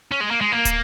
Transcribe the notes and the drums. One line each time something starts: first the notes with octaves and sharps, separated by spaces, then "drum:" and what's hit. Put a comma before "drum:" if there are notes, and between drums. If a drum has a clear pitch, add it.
C#4
G#3
A#3
G#3
A#3
drum: kick, hi-hat